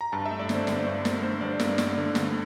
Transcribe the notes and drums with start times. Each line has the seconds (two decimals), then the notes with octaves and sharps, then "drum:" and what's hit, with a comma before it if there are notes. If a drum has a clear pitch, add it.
0.01 A#5
0.12 G2 A5
0.26 E5
0.31 A3
0.39 D5
0.49 D3, drum: snare
0.54 C5
0.67 G2 D5, drum: snare
0.86 G2 C5
1.05 A3 A#4, drum: snare
1.23 D3 C5
1.41 G2 D5
1.60 G2 A#4, drum: snare
1.78 A3 D5, drum: snare
1.98 D3
2.15 G2, drum: snare